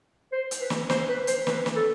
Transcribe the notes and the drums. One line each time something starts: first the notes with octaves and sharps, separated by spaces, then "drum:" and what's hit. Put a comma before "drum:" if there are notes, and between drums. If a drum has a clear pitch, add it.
C5
drum: hi-hat
B4
drum: snare
C5, drum: snare
B4
C5, drum: hi-hat
B4, drum: snare
drum: snare
A4